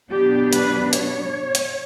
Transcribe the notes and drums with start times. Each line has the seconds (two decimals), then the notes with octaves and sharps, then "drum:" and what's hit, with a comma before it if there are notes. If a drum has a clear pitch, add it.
0.11 B2 F#3 B3 D4 G4
0.53 B4, drum: hi-hat
0.93 C#5, drum: hi-hat
1.55 drum: hi-hat